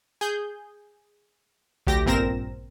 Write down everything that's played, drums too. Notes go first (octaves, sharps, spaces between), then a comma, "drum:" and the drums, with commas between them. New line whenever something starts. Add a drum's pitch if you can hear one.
G#4 G6
D2 G4 A#6, drum: kick A#1
G1 A#2 C4 A#4 A#6 E7